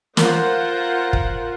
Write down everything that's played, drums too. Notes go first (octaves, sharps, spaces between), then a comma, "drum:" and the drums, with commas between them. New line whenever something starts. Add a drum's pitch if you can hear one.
F4 A#4 C5 F#5, drum: snare
drum: kick